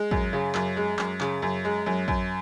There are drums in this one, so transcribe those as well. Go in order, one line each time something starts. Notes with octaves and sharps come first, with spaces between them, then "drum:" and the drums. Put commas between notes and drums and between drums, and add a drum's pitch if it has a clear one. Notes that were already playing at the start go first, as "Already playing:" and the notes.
Already playing: G#3
F#2, drum: kick
C#3
F#2, drum: clap
G#3
F#2, drum: clap
C#3, drum: clap
F#2
G#3
F#2
F#2, drum: kick